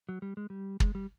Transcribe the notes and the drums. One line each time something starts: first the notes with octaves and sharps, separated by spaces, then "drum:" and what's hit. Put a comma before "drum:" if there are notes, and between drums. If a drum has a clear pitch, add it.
F#3
G3
G#3
G3
G#3, drum: kick
G3